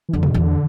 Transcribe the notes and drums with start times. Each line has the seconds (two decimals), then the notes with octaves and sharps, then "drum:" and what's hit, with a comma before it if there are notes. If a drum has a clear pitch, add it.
0.09 E3
0.13 F2 D3
0.23 drum: tom
0.34 E2 D3